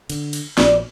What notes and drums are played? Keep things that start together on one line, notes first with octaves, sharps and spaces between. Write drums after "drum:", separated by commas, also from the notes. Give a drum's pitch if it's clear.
D3, drum: cymbal
drum: cymbal
A#1 A#2 F3 D5, drum: snare